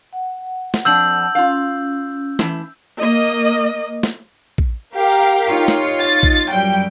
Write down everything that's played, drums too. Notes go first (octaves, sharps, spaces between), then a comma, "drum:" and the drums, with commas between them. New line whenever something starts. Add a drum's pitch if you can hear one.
F#5
drum: snare
F2 D4 E6 G6 F#7
C#4 F4 F5
E3 A3 E4, drum: snare
A#3 D#5
drum: snare
drum: kick A#1
G4 A#4 F5
D#4 F4 C#5
drum: snare
A6
drum: kick A#1
F#2 F#3 G3 G5